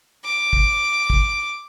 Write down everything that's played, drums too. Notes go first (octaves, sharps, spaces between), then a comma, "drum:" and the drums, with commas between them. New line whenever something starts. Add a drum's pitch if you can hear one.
D6
drum: kick
drum: kick